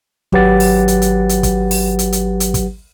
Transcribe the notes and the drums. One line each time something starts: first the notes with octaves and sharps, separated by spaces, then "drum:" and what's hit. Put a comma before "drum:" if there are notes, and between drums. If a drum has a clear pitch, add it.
G#1 F#3 G4 B4 F#5 A6, drum: kick
drum: open hi-hat
drum: hi-hat
drum: hi-hat
drum: hi-hat
drum: kick, hi-hat
drum: open hi-hat
drum: hi-hat
drum: hi-hat
drum: hi-hat
drum: kick, hi-hat